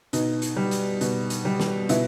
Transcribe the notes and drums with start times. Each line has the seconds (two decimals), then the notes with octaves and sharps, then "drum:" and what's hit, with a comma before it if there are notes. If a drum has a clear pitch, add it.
0.13 B2 D#4, drum: hi-hat
0.42 drum: hi-hat
0.56 G3
0.71 drum: hi-hat
1.01 B2, drum: hi-hat
1.30 drum: hi-hat
1.45 G3
1.60 drum: snare
1.89 B2 E4, drum: hi-hat